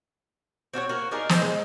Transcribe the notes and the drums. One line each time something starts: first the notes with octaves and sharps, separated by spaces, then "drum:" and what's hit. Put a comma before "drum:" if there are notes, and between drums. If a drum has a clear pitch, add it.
C4 F#4 A#4 C#5
A#3 F#4
D4 D#4 G#4 A#4
D#4 C5 D5 G5, drum: snare
G#3